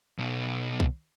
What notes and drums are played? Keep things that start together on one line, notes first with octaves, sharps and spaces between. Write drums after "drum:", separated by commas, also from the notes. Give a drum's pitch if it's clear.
B1 B2
drum: kick C2